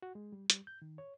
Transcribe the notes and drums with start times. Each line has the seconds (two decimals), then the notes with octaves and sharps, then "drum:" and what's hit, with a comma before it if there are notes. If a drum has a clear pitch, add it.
0.02 F#4
0.15 G#3
0.32 G3
0.50 G3, drum: hi-hat
0.67 G6
0.82 D#3
0.98 C#5